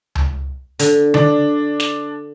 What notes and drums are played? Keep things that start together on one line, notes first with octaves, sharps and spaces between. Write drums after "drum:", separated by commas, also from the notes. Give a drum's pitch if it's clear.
drum: tom C#2
D3, drum: hi-hat
D4, drum: tom D3
drum: snare